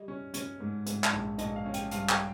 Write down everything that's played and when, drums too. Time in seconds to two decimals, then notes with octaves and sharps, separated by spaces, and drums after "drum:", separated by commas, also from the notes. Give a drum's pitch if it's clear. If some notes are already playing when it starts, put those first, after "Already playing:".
Already playing: G3 D#5
0.08 C#4
0.34 C#4, drum: hi-hat
0.60 G#2
0.86 G#2, drum: hi-hat
1.04 drum: clap
1.13 A#1
1.38 A#1 D#5, drum: hi-hat
1.56 F5
1.66 C#4
1.74 G5, drum: hi-hat
1.91 G2 F5, drum: hi-hat
2.09 G5, drum: clap